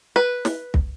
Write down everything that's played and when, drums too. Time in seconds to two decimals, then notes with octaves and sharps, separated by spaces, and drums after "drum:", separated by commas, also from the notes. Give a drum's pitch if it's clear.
0.16 B4
0.45 drum: snare
0.74 drum: kick